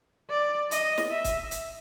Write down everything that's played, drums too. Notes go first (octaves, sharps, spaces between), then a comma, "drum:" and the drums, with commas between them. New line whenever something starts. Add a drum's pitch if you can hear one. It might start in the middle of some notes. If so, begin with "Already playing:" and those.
D5
D#5, drum: hi-hat
drum: snare
E5
drum: kick, hi-hat
drum: hi-hat